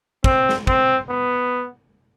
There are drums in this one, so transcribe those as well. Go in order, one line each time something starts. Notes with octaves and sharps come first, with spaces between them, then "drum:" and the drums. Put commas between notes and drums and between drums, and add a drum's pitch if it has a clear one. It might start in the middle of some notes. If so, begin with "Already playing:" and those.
C4, drum: kick
drum: snare
C4, drum: kick
B3